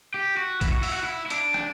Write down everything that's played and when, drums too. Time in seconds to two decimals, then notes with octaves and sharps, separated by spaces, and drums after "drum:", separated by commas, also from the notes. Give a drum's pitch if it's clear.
0.14 G4
0.37 F#4
0.61 E4, drum: kick A#1, hi-hat
0.72 F#4
0.83 E4, drum: open hi-hat
0.93 F#4
1.04 E4
1.26 E4
1.30 D4, drum: hi-hat
1.54 drum: rim click